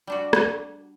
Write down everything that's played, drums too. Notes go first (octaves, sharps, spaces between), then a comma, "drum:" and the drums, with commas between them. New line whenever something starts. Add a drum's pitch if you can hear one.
G3 D4 F#4
drum: rim click